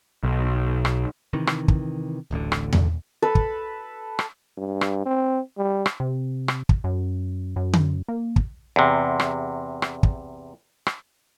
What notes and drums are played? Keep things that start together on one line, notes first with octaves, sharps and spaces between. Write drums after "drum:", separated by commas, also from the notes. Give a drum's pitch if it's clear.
B1
drum: rim click
C3 D#3 E3
drum: rim click
drum: kick
D1 A1 D2 D3
drum: rim click
drum: tom E2
A4 B4
drum: kick
drum: rim click
G2
drum: rim click
C4
G3
drum: rim click
C3
drum: rim click
drum: kick
F#2
F#2
drum: tom D3
A#3
drum: kick
E2 C3
drum: rim click
drum: rim click
drum: kick
drum: rim click